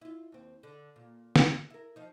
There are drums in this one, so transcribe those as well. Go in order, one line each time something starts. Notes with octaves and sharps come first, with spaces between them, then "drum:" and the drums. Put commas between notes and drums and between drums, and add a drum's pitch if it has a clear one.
E4 F4
D#2 C4
D3
A#2
drum: snare
E4 A#4
F3 D#4